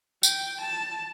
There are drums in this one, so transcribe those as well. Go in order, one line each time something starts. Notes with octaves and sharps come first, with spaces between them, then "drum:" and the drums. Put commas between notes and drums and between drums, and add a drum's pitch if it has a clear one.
G5, drum: tambourine
A5